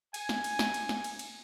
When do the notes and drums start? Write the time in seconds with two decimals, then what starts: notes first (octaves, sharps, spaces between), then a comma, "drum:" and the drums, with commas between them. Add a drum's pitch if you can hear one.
0.14 G#5, drum: cymbal
0.29 drum: snare
0.44 drum: cymbal
0.59 drum: snare
0.74 drum: cymbal
0.89 drum: snare
1.04 drum: cymbal
1.19 drum: cymbal